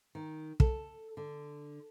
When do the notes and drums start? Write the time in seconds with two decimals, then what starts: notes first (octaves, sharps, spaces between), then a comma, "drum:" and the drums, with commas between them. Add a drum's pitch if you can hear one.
0.15 D#3
0.60 A4, drum: kick
1.17 D3